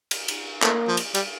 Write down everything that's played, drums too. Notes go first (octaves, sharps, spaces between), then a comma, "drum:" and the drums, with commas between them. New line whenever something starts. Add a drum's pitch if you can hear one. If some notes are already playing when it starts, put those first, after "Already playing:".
drum: cymbal
drum: cymbal
A3 A#3, drum: clap
F3
drum: cymbal
G3, drum: cymbal